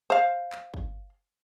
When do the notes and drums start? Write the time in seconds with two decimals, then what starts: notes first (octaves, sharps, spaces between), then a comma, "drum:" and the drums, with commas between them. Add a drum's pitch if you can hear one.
0.10 C5 F5
0.52 drum: clap
0.74 drum: kick